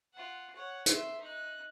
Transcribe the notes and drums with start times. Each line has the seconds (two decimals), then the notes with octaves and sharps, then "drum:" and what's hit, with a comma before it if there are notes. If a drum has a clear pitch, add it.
0.14 F4 F#5
0.54 C#5 F#5
0.86 E5 C6, drum: hi-hat
1.21 D#4 F#6